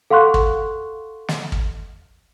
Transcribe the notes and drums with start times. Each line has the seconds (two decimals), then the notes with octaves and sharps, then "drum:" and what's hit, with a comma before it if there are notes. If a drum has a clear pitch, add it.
0.10 A4 F5 F#5 C6 C#6 F#6
0.34 drum: kick
1.28 drum: snare
1.52 drum: kick